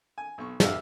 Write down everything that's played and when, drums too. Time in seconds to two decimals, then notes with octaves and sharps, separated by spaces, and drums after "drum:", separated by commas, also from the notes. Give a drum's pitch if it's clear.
0.18 G#5
0.38 B1 C#6
0.60 F#4 G4 A4 B4 E5 F5, drum: snare